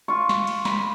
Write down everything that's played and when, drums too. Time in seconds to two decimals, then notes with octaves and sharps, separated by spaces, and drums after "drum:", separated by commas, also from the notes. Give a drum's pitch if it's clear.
0.08 F4 C#6
0.29 drum: snare
0.47 drum: cymbal
0.65 B5, drum: snare